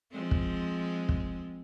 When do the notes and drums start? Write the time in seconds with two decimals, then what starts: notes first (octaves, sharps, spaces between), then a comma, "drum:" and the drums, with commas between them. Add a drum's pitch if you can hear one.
0.12 F3 G#3 C4
0.31 drum: kick
1.09 drum: kick